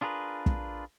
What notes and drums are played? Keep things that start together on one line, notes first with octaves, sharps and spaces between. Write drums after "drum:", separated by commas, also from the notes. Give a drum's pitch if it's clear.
D4 F4 G#4 A#4 B4
drum: kick